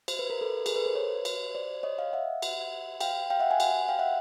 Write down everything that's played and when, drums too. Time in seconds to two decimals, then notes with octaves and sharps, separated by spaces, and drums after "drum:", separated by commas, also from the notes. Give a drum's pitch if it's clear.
0.08 C5, drum: cymbal
0.19 B4
0.30 A#4
0.41 A4 B4
0.66 G#4 A#4, drum: cymbal
0.76 A4 B4
0.86 A#4 C5
0.95 B4 C#5
1.25 drum: cymbal
1.55 C5 D5
1.83 C#5 D#5
1.98 D#5 F5
2.13 E5 F#5
2.42 drum: cymbal
3.01 F5 G5, drum: cymbal
3.30 F5 G5
3.40 E5 F#5
3.51 F#5 G#5
3.60 drum: cymbal
3.89 F5 G5
3.99 E5 F#5